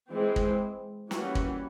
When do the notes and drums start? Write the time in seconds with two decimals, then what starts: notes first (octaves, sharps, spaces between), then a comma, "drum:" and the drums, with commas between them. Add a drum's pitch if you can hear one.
0.11 E3 G#3 C4
0.36 drum: kick
1.11 E3 G3 A#3 C#4 F#4, drum: snare
1.35 drum: kick